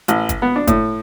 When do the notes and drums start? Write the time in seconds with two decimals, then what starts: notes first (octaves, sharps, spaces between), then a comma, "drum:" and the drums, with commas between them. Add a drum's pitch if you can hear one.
0.08 A1, drum: hi-hat
0.29 drum: kick, hi-hat
0.42 B3
0.56 D4
0.67 A2, drum: kick, hi-hat